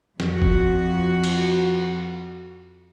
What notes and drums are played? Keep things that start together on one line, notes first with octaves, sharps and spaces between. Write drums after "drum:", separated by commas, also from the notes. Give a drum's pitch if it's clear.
F2 F#4, drum: snare
drum: kick
drum: cymbal